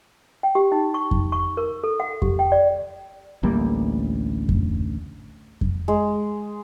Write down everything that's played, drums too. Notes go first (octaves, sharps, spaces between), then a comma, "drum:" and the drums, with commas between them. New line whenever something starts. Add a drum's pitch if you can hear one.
G5
G4
D#4
C#6
drum: kick F2
C#6
A#4
A4
F#5
G4, drum: kick F2
G5
D5
A1 D2 G3 A#3
drum: kick F2
drum: kick F2
G#3